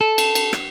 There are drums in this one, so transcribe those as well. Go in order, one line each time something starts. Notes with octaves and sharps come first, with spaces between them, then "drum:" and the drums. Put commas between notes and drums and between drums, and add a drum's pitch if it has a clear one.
A4
drum: cymbal
drum: cymbal
drum: rim click